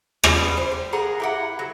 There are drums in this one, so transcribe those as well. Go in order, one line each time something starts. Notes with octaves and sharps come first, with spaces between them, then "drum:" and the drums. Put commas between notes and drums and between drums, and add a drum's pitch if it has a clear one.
B2 G3 G#4, drum: rim click
C5
G4
G#4 A#4 F#5 A#5
E4 G4 F#5
F#3